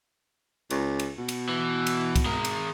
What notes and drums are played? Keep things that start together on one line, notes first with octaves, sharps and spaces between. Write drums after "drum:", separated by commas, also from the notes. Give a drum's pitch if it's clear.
C#2, drum: cymbal
drum: cymbal
B2
drum: cymbal
E3
drum: cymbal
drum: kick C2, cymbal
G#3 A#4
drum: cymbal